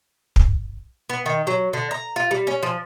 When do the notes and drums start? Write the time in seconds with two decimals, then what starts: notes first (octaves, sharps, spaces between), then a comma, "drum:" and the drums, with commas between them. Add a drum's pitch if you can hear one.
0.36 drum: kick
1.09 B3
1.26 D#3
1.47 F#3
1.73 D3
1.91 A#5
2.16 F4
2.31 G3
2.47 C#4
2.63 F3